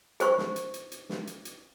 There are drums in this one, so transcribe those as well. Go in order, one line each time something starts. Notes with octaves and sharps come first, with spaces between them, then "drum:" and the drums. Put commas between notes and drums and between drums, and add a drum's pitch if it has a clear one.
G#4 C5 C#6, drum: hi-hat
drum: snare
drum: hi-hat
drum: hi-hat
drum: hi-hat
drum: snare
drum: hi-hat
drum: hi-hat